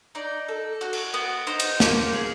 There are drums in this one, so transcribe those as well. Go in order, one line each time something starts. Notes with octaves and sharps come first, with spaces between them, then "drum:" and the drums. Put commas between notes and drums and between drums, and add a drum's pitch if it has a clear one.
D#4 D5
A4
F#4
drum: cymbal
B3
D#4 C5
drum: cymbal
A#3, drum: snare
G#4